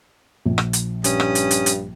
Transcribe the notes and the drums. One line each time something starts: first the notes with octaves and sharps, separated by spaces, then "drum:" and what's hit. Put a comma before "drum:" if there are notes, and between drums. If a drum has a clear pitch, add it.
A#1 F3
drum: rim click
drum: hi-hat
G2 C#4 D#6, drum: hi-hat
drum: rim click
drum: hi-hat
drum: hi-hat
drum: hi-hat